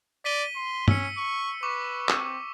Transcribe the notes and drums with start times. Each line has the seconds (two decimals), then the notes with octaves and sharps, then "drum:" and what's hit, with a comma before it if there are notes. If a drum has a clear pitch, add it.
0.25 D5 B6 D#7 G7
0.55 C6
0.88 C#4 E6 C#7, drum: tom
1.17 C#6
1.63 B4 C#6 D6
2.09 C4, drum: clap